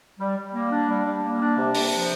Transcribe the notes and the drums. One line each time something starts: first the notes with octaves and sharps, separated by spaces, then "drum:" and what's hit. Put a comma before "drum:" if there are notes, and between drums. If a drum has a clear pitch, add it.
G3
G3
A#3
D4
G3
G3
A#3
D4
C3
C3, drum: open hi-hat
F3